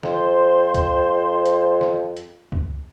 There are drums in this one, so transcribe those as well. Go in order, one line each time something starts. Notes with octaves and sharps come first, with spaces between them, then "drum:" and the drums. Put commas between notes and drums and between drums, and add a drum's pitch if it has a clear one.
F2 C5 C6, drum: snare
drum: kick C#2, hi-hat
drum: hi-hat
drum: snare
drum: hi-hat
drum: kick C#2